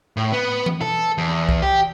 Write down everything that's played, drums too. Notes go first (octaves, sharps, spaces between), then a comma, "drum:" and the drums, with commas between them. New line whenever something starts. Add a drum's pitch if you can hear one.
A2
B3
drum: tom
A4, drum: tom
E2
drum: kick B1
G4